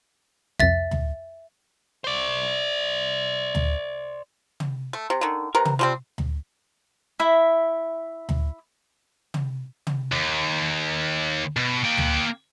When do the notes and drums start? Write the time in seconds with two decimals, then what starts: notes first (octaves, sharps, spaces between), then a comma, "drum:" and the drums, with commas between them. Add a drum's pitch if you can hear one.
0.60 C2 F2 E5 A6
0.91 drum: tom D2
2.04 C5 D5
3.55 drum: tom D2
4.60 drum: tom
4.93 A3
5.10 C3
5.21 D3 D#3
5.55 C3 A#4 B4
5.65 drum: tom
5.79 F3 G3 C4
6.18 drum: tom D2
7.19 E4 E5
8.29 drum: tom D2
9.34 drum: tom
9.87 drum: tom
10.12 D#2
11.56 B2
11.84 A#3 G5
11.97 drum: tom D2